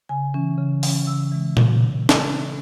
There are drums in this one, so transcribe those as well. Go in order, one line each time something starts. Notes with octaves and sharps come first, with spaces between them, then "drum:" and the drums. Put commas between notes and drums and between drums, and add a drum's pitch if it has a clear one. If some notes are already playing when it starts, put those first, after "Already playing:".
C#3 G#5
E3 C#4
C#3
E3 C#4, drum: open hi-hat
C#3 E6
E3 G#3
C#3, drum: tom A#2
drum: snare